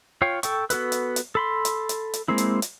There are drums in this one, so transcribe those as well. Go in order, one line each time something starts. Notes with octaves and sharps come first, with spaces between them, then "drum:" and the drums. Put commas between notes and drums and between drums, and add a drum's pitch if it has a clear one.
F4 C#5 F5 G5
A4 G5 C#6, drum: hi-hat
B3 F#4 A4 B4, drum: hi-hat
drum: hi-hat
drum: hi-hat
A4 B5 C6
drum: hi-hat
drum: hi-hat
drum: hi-hat
G#3 A#3 C4 E4
drum: hi-hat
drum: hi-hat